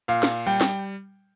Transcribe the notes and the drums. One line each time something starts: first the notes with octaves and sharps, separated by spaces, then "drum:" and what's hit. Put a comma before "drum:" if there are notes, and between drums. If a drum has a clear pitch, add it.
A#2 F5
drum: snare
G3 G5
drum: snare